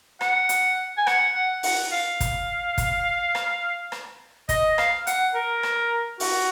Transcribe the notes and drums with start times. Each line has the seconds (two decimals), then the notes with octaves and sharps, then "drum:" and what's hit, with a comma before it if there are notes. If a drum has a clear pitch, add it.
0.21 F#5, drum: rim click
0.49 drum: hi-hat
0.97 G#5
1.07 F#5, drum: rim click
1.34 F#5
1.63 F#5, drum: open hi-hat
1.92 F5
2.20 drum: kick, hi-hat
2.78 drum: kick, hi-hat
3.35 drum: rim click
3.92 drum: rim click
4.49 D#5, drum: kick, hi-hat
4.78 F5, drum: rim click
5.07 F#5, drum: hi-hat
5.34 A#4
5.63 drum: rim click
6.20 F#4, drum: open hi-hat